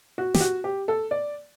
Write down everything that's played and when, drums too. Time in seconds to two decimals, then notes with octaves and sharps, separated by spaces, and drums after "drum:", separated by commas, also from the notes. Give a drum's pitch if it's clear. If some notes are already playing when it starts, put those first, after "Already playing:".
0.18 F#4
0.34 G4, drum: snare
0.40 F#4
0.64 G4
0.88 A4
1.11 D5